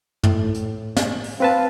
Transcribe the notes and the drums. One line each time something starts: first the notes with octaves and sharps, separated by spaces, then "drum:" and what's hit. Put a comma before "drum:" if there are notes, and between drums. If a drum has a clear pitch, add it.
A2, drum: tom
drum: hi-hat
drum: snare
drum: open hi-hat
C4 B4 F5 A5